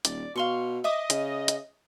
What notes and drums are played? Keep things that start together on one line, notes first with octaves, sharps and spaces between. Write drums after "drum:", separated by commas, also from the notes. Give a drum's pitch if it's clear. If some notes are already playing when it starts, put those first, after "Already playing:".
D#1 D5, drum: hi-hat
B2 F5 C6 C#6
D#5 E5 D6 D#6
C#3, drum: hi-hat
drum: hi-hat